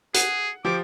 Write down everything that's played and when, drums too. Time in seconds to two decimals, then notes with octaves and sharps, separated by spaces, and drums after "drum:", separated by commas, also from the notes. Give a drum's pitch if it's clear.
0.14 G#4 F#5, drum: hi-hat
0.65 F3 G4 C5 D6